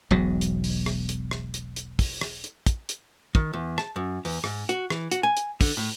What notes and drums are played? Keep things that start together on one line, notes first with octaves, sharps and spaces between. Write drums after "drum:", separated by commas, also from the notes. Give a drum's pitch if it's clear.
E1 B1 G#2 F#3
drum: hi-hat
drum: open hi-hat
drum: rim click
drum: hi-hat
drum: rim click
drum: hi-hat
drum: hi-hat
drum: kick, open hi-hat
drum: rim click
drum: hi-hat
drum: kick, hi-hat
drum: hi-hat
D#3, drum: kick
E2
A5, drum: rim click
F#2
E2, drum: open hi-hat
G#2, drum: rim click
F#4, drum: hi-hat
E3, drum: rim click
F#4, drum: hi-hat
G#5
drum: hi-hat
D3, drum: kick, open hi-hat
A2